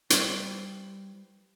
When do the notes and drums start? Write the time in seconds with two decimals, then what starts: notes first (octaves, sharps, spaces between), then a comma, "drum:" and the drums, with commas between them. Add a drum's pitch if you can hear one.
0.10 G3 E4 B4 C5 D5, drum: hi-hat